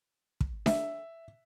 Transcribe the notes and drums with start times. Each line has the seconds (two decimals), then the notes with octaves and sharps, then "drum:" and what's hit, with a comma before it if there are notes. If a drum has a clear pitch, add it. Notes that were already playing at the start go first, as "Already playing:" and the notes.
0.41 drum: kick
0.66 E5, drum: snare D4